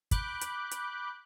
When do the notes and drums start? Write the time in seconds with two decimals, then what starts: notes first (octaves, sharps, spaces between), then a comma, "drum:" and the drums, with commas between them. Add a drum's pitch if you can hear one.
0.11 B5 D6 F#6 G6, drum: kick, hi-hat
0.41 drum: hi-hat
0.71 drum: hi-hat